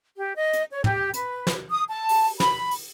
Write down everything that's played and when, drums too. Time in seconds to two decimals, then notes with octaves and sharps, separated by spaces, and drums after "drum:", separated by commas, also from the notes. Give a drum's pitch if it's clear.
0.16 G4
0.35 D#5
0.53 drum: hi-hat
0.71 C#5
0.84 G4, drum: tom
1.14 B4, drum: hi-hat
1.47 drum: snare
1.71 D#6
1.89 A5
2.09 drum: open hi-hat
2.40 B5, drum: snare
2.71 drum: open hi-hat